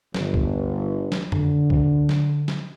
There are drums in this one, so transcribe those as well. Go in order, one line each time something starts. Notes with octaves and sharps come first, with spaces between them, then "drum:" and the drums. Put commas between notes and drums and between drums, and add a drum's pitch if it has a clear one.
G1, drum: snare
drum: kick C2
drum: snare
D3, drum: tom F2
drum: kick C2
drum: snare
drum: snare